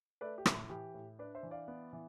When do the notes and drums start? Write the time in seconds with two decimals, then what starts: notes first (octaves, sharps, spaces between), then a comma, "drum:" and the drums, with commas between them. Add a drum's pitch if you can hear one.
0.21 A3 B4 D5
0.38 G4
0.46 A2, drum: rim click
0.70 E3 G4
0.94 A2
1.19 D4 B4 D5
1.35 C5 E5
1.43 E3
1.51 D5 F5
1.68 B3
1.93 E3